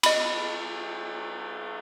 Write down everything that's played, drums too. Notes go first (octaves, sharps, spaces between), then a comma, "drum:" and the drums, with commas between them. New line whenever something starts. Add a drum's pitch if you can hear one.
D#5 B5, drum: cymbal